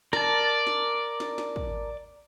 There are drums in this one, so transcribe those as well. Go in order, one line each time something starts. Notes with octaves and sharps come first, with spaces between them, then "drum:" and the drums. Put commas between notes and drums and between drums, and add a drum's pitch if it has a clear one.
A#4 D5 A5, drum: snare
drum: snare
drum: snare
drum: snare
drum: kick